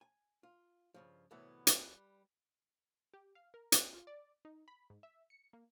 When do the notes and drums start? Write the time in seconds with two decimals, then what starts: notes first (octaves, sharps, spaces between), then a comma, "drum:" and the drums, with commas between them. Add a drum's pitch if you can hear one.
0.01 G#5
0.43 F4
0.94 G2 C#3 F3
1.31 C2 A2 E3 F#3 B3 E5
1.67 drum: hi-hat
1.80 G3 B4
3.14 G4
3.35 F5
3.54 A#4
3.72 F#6, drum: hi-hat
3.93 F4
4.07 D5
4.45 D#4
4.68 B5
4.90 G#2
5.03 E5
5.30 C#7
5.53 A#3